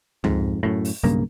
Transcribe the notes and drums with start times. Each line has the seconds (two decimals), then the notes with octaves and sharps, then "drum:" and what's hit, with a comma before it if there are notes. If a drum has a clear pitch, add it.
0.24 F2 G#2, drum: tom C#2
0.63 F#2 A2
0.85 drum: open hi-hat
1.03 B1 G2 C#3 A#3